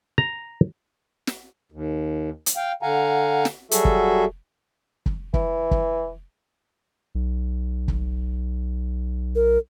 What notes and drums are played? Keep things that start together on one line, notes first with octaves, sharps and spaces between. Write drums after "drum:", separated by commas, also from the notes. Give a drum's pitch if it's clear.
A#5
drum: snare
D#2
drum: hi-hat
F5 G5
D3 F5 F#5 G#5 A#5
drum: snare
F#3 G3 F#4 G#4 A4 E5, drum: hi-hat
drum: kick
drum: kick
E3, drum: kick
drum: kick
B1
drum: kick
A#4